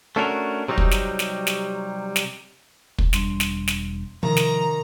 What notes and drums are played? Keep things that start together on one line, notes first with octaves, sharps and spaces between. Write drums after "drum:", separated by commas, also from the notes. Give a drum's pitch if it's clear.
A3 C#4 D4 F#4 A4 A#4
C3 F#3 G3 D#4
drum: kick
drum: snare
drum: snare
drum: snare
drum: snare
drum: kick
E1 G3 D4 C6, drum: snare
drum: snare
drum: snare
C3 D#3 F3 A#5
drum: snare